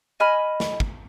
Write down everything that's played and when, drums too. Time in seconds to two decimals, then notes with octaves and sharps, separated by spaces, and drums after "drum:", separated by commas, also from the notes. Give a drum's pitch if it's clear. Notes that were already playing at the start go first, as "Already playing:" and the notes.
0.20 D#5 G#5 B5 F6
0.60 drum: snare
0.80 drum: kick